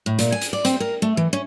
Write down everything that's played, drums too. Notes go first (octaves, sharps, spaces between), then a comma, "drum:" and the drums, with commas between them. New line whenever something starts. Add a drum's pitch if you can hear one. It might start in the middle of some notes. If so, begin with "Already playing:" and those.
A2
A#2, drum: hi-hat
G#5
drum: hi-hat
D5
C4, drum: hi-hat
A#4
A3
E3
C#4